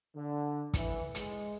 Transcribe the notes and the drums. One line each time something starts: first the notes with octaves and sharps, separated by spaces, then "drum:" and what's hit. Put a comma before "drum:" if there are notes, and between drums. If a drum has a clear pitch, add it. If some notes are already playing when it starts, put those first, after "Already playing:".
D3
E3, drum: kick, hi-hat
G#3, drum: hi-hat